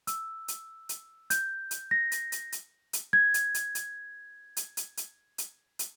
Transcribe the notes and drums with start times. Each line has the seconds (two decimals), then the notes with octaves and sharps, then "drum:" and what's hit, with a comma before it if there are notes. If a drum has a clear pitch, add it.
0.07 E6, drum: hi-hat
0.48 drum: hi-hat
0.89 drum: hi-hat
1.30 G6, drum: hi-hat
1.71 drum: hi-hat
1.91 A#6
2.12 drum: hi-hat
2.32 drum: hi-hat
2.52 drum: hi-hat
2.93 drum: hi-hat
3.13 G#6
3.34 drum: hi-hat
3.54 drum: hi-hat
3.75 drum: hi-hat
4.57 drum: hi-hat
4.77 drum: hi-hat
4.97 drum: hi-hat
5.38 drum: hi-hat
5.79 drum: hi-hat